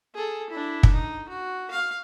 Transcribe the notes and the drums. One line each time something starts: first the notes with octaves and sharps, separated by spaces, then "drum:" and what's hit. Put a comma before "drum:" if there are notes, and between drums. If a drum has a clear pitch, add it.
G#4 A4
D4 E4
drum: kick
D#4
F#4
F5